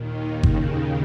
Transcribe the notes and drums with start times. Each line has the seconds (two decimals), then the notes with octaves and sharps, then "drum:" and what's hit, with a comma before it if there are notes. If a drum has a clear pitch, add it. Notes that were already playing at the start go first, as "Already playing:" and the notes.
Already playing: D#2 A#2 D#3
0.43 C#3, drum: kick G1